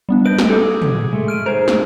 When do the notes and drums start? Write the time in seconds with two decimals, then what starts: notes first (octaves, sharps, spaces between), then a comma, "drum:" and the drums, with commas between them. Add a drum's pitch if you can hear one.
0.09 G3 B3 D4
0.26 B4 D#5 G6 D7
0.39 drum: snare
0.50 G#4 A4 D6
0.82 drum: tom
1.13 G#3 A3
1.28 F6 D7 D#7
1.46 D#4 G#4 A#4 C5
1.68 drum: snare